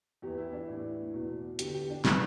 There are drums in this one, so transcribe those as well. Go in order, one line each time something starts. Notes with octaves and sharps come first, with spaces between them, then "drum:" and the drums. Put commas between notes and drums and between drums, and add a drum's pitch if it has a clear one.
E2 E3 G4
E4
D4
A2 E3
E2 B2
E2 D3 G4, drum: hi-hat
G4
D4
E3 E4, drum: snare